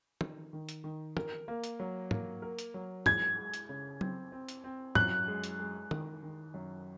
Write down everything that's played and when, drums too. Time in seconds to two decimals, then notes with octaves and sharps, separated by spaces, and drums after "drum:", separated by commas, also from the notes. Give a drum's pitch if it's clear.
0.21 D#3, drum: tom
0.53 D#3
0.69 drum: hi-hat
0.84 D#3
1.17 A#4, drum: tom
1.48 A#3
1.64 drum: hi-hat
1.80 F#3
2.11 A#3, drum: tom
2.42 A#4
2.59 drum: hi-hat
2.74 F#3
3.06 G#3 G#6, drum: tom
3.38 G#3
3.54 drum: hi-hat
3.69 C#3
4.01 C4, drum: tom F#3
4.32 C4
4.49 drum: hi-hat
4.64 C4
4.95 F#2 F#6, drum: tom
5.28 G#3
5.43 drum: hi-hat
5.59 G#3
5.91 D#3, drum: tom
6.23 D#3
6.54 F#2